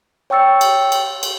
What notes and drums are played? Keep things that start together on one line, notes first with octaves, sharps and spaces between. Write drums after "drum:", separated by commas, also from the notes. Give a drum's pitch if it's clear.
C#5 G5 C#6 E6 A6 C#7
drum: cymbal
drum: cymbal
drum: cymbal